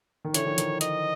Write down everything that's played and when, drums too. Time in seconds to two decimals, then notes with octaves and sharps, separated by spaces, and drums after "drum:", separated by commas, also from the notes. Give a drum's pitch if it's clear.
0.25 D#3
0.34 D3 E3 C#5, drum: hi-hat
0.46 D#3 F3
0.58 D#3, drum: hi-hat
0.81 D#5, drum: hi-hat